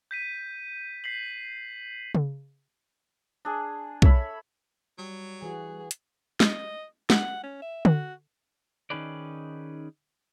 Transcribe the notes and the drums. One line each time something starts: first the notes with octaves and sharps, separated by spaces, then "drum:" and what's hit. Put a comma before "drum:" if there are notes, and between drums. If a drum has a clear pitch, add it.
G6 B6 D#7
B6 C7 F#7
drum: tom C#3
D4 G#4
A4 C#5 E5 B5, drum: kick
F#3 G3
E3 F#4 G#4
drum: hi-hat
D#5, drum: snare
F#5, drum: snare
C#4
E5
F#4, drum: tom D3
D#3 C#4 D#4 G#4 B4 D5